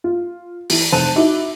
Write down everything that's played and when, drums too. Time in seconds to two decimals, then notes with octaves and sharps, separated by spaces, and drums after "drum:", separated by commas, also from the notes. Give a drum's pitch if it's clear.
0.04 F4
0.70 E3, drum: open hi-hat
0.92 F1 C5 A5 F#6 D#7 F7
1.15 D#4 E4 F#4 E5 D6